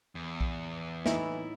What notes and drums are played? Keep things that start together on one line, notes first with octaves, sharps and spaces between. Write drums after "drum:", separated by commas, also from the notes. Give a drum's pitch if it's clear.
E2
drum: kick B1
A2 E3 D#4 E4, drum: snare